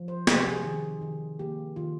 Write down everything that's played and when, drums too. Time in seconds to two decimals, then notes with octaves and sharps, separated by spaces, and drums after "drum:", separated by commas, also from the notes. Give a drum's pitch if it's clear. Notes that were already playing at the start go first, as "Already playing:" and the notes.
Already playing: F3
0.08 C5
0.27 C3 C5, drum: snare
0.42 G4
0.46 G#4
0.64 D#3
1.02 D#3
1.39 A#3 G4
1.76 D#3 F4